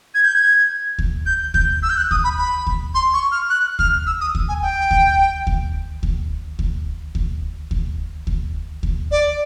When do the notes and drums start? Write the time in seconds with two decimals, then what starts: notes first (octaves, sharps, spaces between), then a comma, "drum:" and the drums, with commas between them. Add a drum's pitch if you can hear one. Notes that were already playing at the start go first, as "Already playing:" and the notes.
0.15 G#6
0.24 G6
0.35 G#6
0.99 drum: kick D2
1.26 G6
1.54 G6, drum: kick D2
1.83 E6
1.90 G6
1.97 F#6
2.11 D#6, drum: kick D2
2.24 B5
2.38 B5
2.67 drum: kick D2
2.95 C6
3.14 C#6
3.32 F6
3.50 F#6
3.79 F6, drum: kick D2
4.07 E6
4.21 D#6
4.35 drum: kick D2
4.49 G#5
4.62 G5
4.91 drum: kick D2
5.47 drum: kick D2
6.03 drum: kick D2
6.59 drum: kick D2
7.15 drum: kick D2
7.71 drum: kick D2
8.27 drum: kick D2
8.83 drum: kick D2
9.11 D5